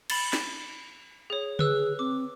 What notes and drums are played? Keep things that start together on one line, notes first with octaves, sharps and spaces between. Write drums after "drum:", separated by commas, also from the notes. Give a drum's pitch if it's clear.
B5 A6, drum: cymbal
drum: snare
G#4 C#5
G#4 B4 E6 F#6, drum: tom C#3
C4 D6